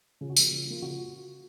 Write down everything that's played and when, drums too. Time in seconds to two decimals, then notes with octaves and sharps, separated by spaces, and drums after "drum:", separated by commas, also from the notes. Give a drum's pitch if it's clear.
0.21 C#3 F4
0.30 F#4
0.37 F3 A#3 F4, drum: tambourine
0.51 C#3
0.67 F3 A#3 F4
0.82 C#3 F#4